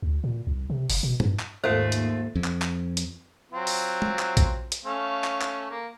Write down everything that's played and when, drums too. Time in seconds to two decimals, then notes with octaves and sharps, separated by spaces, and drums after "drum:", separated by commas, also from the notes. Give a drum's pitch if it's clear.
0.02 D2
0.24 A#2
0.47 C2
0.70 C3
0.90 F#1, drum: open hi-hat
1.03 B2
1.20 G2, drum: tom A2
1.40 drum: clap
1.64 D#2 G#2 A3 F4 A4 C5
1.92 drum: hi-hat
2.35 F2
2.45 drum: clap
2.62 drum: clap
2.97 drum: hi-hat
3.52 F#3 C4 F4
3.67 drum: open hi-hat
4.02 drum: tom
4.19 drum: clap
4.37 drum: kick A#1, hi-hat
4.72 drum: hi-hat
4.84 A3 C#4 F5
5.24 drum: clap
5.42 drum: clap
5.70 A#3